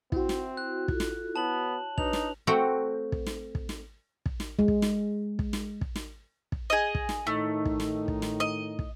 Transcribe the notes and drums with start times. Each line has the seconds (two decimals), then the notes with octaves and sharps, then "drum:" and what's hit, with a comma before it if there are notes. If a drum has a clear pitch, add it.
0.12 C4 E4 F#4, drum: kick
0.29 drum: snare
0.57 F#6
0.88 F4 A4, drum: kick
1.00 drum: snare
1.36 B3 C#5 A5 F#7
1.98 D4 D#4 B4 C#5 F7, drum: kick
2.13 drum: snare
2.47 A3 C4 F#4 G5
3.12 drum: kick
3.26 drum: snare
3.55 drum: kick
3.69 drum: snare
4.26 drum: kick
4.40 drum: snare
4.59 G#3
4.68 drum: kick
4.82 drum: snare
5.39 drum: kick
5.53 drum: snare
5.81 drum: kick
5.96 drum: snare
6.52 drum: kick
6.70 G#4 D#5
6.95 drum: kick
7.09 drum: snare
7.27 A2 D#3 A3 D#4
7.65 drum: kick
7.80 drum: snare
8.08 drum: kick
8.22 drum: snare
8.40 D#5
8.79 drum: kick